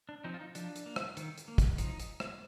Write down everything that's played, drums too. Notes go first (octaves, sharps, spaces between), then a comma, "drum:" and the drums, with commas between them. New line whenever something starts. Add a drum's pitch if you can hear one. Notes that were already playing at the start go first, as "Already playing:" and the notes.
D4
F3 C4 D#4
F4
D#4
F3 D4, drum: hi-hat
drum: hi-hat
A#3
drum: rim click
D#3, drum: hi-hat
drum: hi-hat
A#3
drum: kick, hi-hat
F3 D#4, drum: hi-hat
drum: hi-hat
drum: rim click